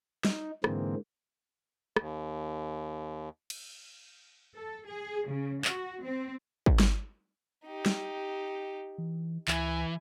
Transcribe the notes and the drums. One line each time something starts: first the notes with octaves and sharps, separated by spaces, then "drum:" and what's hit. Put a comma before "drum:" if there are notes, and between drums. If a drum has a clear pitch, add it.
D#4, drum: snare
G#2 D3 E3 G#3 A#3 C4, drum: rim click
D#2, drum: rim click
drum: cymbal
A4
G#4
C#3
F#4, drum: clap
C4
drum: kick
drum: snare
D#4 G4
drum: snare
E3
C#2 E3 E4 G#5, drum: clap